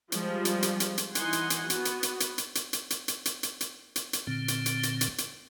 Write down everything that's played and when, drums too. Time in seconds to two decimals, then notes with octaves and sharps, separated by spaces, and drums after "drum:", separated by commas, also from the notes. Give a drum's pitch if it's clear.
0.12 F3 G3 G#3, drum: hi-hat
0.45 drum: hi-hat
0.62 drum: hi-hat
0.80 drum: hi-hat
0.98 drum: hi-hat
1.15 E3 D#4 F#5 G#5 C6, drum: hi-hat
1.33 drum: hi-hat
1.50 drum: hi-hat
1.70 B3 F#4, drum: hi-hat
1.85 drum: hi-hat
2.03 drum: hi-hat
2.20 drum: hi-hat
2.38 drum: hi-hat
2.55 drum: hi-hat
2.73 drum: hi-hat
2.90 drum: hi-hat
3.08 drum: hi-hat
3.25 drum: hi-hat
3.43 drum: hi-hat
3.61 drum: hi-hat
3.96 drum: hi-hat
4.13 drum: hi-hat
4.27 A#2 D3 C4
4.48 drum: hi-hat
4.66 drum: hi-hat
4.83 drum: hi-hat
5.01 drum: hi-hat
5.18 drum: hi-hat